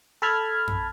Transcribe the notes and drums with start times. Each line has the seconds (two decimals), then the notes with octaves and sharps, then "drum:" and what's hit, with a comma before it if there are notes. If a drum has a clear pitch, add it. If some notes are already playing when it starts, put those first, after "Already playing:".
0.22 A4 A5 B5 F6 G#6
0.67 drum: tom F2